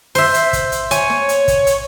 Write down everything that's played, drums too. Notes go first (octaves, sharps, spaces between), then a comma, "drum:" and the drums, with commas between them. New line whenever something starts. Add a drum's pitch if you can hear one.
C5 E5, drum: open hi-hat
drum: hi-hat
drum: kick, hi-hat
drum: hi-hat
C#5 G#5, drum: hi-hat
drum: snare
drum: hi-hat
drum: kick, hi-hat
drum: hi-hat